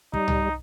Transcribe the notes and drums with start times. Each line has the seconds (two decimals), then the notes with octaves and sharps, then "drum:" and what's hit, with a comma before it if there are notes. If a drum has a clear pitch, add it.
0.13 G3 D#4, drum: kick
0.28 drum: tom C2